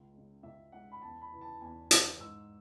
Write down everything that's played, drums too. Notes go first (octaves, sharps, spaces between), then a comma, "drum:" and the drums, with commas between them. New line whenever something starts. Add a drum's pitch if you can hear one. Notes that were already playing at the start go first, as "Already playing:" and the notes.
Already playing: C#2
C#3 G#3
C#2 E5
C#3 G#3 F#5
B5
E2 A5
B5
C#3 E3
A5
E2 G#5
C#3 E3, drum: hi-hat
G#2 E6